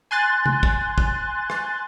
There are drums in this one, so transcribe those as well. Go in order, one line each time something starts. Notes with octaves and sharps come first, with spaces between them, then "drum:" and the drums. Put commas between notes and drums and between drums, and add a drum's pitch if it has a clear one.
G#5 C6 F#6 A6
drum: tom C3
drum: kick
drum: kick
drum: rim click